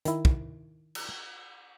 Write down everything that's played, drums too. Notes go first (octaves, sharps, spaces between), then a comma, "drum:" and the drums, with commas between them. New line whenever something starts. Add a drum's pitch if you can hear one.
D#3 E4, drum: hi-hat
drum: kick
drum: cymbal